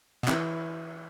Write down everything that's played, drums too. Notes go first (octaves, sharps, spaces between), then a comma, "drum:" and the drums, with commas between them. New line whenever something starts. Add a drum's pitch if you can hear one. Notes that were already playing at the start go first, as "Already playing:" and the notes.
B2
C3 E3, drum: clap